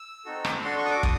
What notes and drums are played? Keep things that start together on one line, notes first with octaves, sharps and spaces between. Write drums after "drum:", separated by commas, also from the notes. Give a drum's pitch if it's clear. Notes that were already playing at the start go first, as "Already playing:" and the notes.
Already playing: E6
C4 D#4 F#4 A4
drum: rim click
D4 F#4 A4 C6
C#6
D#6
D6
D#6, drum: kick